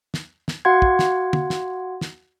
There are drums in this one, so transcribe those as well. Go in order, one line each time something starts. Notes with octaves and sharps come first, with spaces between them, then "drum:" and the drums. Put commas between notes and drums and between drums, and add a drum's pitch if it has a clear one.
drum: snare
drum: snare
F#4 F5 F#5 C6 G#6
drum: kick
drum: snare
drum: tom
drum: snare
drum: snare